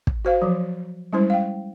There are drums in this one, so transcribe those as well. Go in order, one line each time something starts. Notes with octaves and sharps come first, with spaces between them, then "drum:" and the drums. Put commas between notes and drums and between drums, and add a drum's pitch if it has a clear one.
drum: kick
F#4 C5 F5
F3 F#3
G3 G#3 C#4 E4 C5
F5 G5